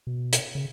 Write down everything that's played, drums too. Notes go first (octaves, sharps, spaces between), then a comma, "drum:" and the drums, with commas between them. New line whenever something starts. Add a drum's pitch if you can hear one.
B2
drum: hi-hat
C#3